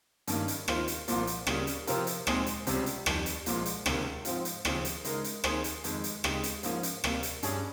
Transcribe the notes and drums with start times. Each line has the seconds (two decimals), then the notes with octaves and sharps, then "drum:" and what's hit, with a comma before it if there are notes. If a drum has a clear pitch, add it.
0.27 G2 D#3 A#3 C#4, drum: hi-hat
0.48 drum: hi-hat
0.68 D#3 A#3 F4 C5, drum: rim click
0.88 drum: hi-hat
1.08 C2 A#2 F3, drum: hi-hat
1.27 drum: hi-hat
1.47 C#3 G3 A#3 C#4, drum: rim click
1.67 drum: hi-hat
1.87 C3 F3 C4 F4 A#4, drum: hi-hat
2.07 drum: hi-hat
2.27 A#2 G#3 C4 D#4 G#4, drum: rim click
2.46 drum: hi-hat
2.67 C#2 C3 G3 C#4, drum: hi-hat
2.86 drum: hi-hat
3.06 F2 D#3 G3, drum: rim click
3.26 drum: hi-hat
3.46 C2 A#2 F3 G#3, drum: hi-hat
3.66 drum: hi-hat
3.86 C#2 C3 D#3 A#3 C#4, drum: rim click
4.25 G#2 F3 C4 F4, drum: hi-hat
4.45 drum: hi-hat
4.65 D#2 C#3 F3 C4, drum: rim click
4.85 drum: hi-hat
5.05 C#3 G#3 D#4 A#4, drum: hi-hat
5.24 drum: hi-hat
5.44 D#3 A#3 D#4 G#4 C5, drum: rim click
5.64 drum: hi-hat
5.84 F2 D#3 G#3, drum: hi-hat
6.04 drum: hi-hat
6.24 C#3 G#3 D#4 G4, drum: rim click
6.43 drum: hi-hat
6.63 G#2 F3 A#3 C#4, drum: hi-hat
6.83 drum: hi-hat
7.04 C3 G3 A#3, drum: rim click
7.23 drum: hi-hat
7.43 G2 G3 C#4 G#4 C#5, drum: hi-hat